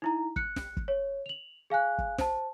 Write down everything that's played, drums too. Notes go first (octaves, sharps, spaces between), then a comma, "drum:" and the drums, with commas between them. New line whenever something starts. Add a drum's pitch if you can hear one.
D#4 E4 A#5
F#6 C#7, drum: kick
drum: snare
drum: kick
C#5
F7 F#7
G#4 F5 G#5 F#6
drum: kick
C5 A5, drum: snare